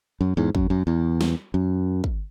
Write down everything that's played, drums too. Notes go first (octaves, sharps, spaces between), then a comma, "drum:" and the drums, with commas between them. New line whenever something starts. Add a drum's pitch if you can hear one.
F#2
E2 G#2
F#2, drum: kick
F#2
E2
drum: snare
F#2
drum: kick